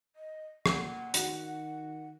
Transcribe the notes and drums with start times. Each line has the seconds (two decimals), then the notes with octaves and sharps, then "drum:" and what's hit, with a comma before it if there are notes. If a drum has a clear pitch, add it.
0.16 D#5
0.66 A#2 F#5, drum: rim click
1.14 D#3 F#4, drum: hi-hat